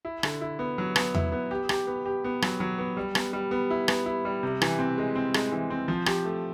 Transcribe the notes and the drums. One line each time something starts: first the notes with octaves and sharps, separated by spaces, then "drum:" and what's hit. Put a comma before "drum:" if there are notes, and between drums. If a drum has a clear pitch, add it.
E4
D3, drum: rim click
E4
B3
F#3
B3, drum: rim click
E4, drum: tom E2
B3
G4
G4, drum: rim click
B3
G4
B3
F#3, drum: rim click
F#3
B3
G3
B3, drum: rim click
G3
B3
E4
B3, drum: rim click
E4
G3
C3
E3, drum: rim click
C4
G#3
C4
G#3, drum: rim click
E3
C4
F3
G4, drum: rim click
A3